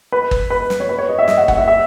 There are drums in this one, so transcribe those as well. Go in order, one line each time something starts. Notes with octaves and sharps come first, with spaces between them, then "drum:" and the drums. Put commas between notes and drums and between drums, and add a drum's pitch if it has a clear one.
B4
drum: kick G1
B4
drum: snare
C#5
B4
C#5
D#5
E5
D#5, drum: snare
F#5
F#5, drum: kick G1
E5
E5